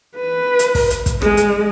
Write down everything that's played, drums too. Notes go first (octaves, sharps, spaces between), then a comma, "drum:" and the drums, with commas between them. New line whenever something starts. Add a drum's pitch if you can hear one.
B4
drum: hi-hat
drum: kick, open hi-hat
drum: hi-hat
drum: kick, hi-hat
G#3, drum: rim click
drum: hi-hat